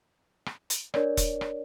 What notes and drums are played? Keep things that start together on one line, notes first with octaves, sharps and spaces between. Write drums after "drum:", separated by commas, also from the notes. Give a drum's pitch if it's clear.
drum: rim click
drum: hi-hat
D4 A#4 C#5 D5, drum: rim click
drum: kick E1, hi-hat
drum: rim click